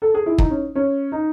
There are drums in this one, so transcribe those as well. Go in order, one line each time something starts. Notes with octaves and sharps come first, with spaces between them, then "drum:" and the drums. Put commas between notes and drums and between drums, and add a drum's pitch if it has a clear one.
A4
G#4
E4
D#4, drum: kick
C#4
C#4
D#4